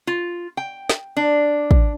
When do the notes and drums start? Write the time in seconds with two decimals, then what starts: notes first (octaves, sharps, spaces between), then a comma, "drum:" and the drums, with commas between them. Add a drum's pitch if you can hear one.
0.07 F4
0.57 G5
0.89 drum: snare
1.17 D4
1.71 drum: kick